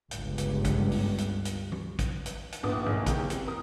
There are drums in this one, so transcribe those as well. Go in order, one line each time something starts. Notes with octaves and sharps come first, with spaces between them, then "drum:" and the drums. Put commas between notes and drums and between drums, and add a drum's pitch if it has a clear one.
G1 C#2 G2, drum: hi-hat
drum: hi-hat
drum: kick, hi-hat
drum: open hi-hat
drum: hi-hat
drum: hi-hat
drum: tom
drum: kick, hi-hat
drum: hi-hat
drum: hi-hat
A#1 D#2 B3 D6 D#6
B1 A#3
C#3 E3 A#3 G4, drum: kick, hi-hat
C4, drum: hi-hat
A#4 D#6